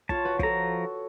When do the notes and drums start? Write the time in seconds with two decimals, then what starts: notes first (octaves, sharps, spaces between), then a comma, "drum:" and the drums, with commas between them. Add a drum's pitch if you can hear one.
0.09 F4 C#5 A5, drum: kick
0.25 F#4 B4
0.39 F3 F#4 A4 A#5, drum: kick